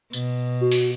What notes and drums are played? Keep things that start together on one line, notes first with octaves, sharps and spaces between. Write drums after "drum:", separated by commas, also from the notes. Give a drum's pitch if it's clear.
B2, drum: tambourine
F#4
drum: open hi-hat